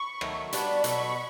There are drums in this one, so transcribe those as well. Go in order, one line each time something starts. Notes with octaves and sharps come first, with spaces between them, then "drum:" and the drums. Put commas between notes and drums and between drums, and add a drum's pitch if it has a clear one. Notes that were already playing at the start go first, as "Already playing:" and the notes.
Already playing: B5 C#6
D#3 F#3 A3, drum: rim click
G3 B3 D4 F#4 B5 C#6, drum: hi-hat
B2 F#3 A3 B5 C#6, drum: hi-hat